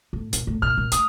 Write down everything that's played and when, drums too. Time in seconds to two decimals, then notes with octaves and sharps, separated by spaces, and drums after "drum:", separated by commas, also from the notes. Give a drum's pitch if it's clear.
0.13 A2
0.33 A#2, drum: hi-hat
0.47 A2
0.62 A#2 F6
0.77 A#2
0.92 A3 D#6, drum: hi-hat